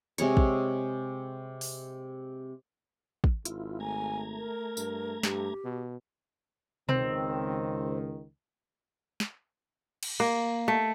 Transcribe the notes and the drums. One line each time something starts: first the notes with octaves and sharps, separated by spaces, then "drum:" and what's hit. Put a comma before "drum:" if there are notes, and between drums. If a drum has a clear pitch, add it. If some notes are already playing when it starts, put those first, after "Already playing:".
C3 G#3 C#5 C#6, drum: hi-hat
drum: kick
drum: open hi-hat
drum: kick
G#1 E4 F4, drum: hi-hat
A3 G#5 A#5 G#6
A#4
G2, drum: tambourine
G2 G4, drum: snare
B2
C#2 D#3 C4, drum: tom B2
drum: snare
drum: cymbal
A#3
A3